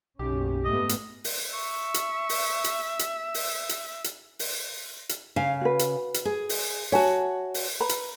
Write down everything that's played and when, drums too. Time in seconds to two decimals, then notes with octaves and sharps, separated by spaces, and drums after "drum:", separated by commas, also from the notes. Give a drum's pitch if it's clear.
0.19 F#1 B1 C#4 G4
0.65 G#2 A3 B3 D#5
0.89 drum: hi-hat
1.24 drum: open hi-hat
1.53 E5 C#6
1.94 drum: hi-hat
2.29 drum: open hi-hat
2.64 drum: hi-hat
2.99 drum: hi-hat
3.34 drum: open hi-hat
3.69 drum: hi-hat
4.04 drum: hi-hat
4.39 drum: open hi-hat
5.09 drum: hi-hat
5.36 C#3 F5 G#5
5.61 F#4 B4
5.79 drum: hi-hat
6.14 drum: hi-hat
6.25 G#4
6.49 drum: open hi-hat
6.92 F#4 C#5 E5 G#5 A5
7.54 drum: open hi-hat
7.80 B4 A#5 B5
7.89 drum: hi-hat